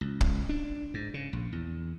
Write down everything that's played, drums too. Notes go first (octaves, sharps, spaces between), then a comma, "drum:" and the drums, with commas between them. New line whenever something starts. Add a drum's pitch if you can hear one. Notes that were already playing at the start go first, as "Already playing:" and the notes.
C#2
drum: kick
D4
G#2
C#3
A#1
E2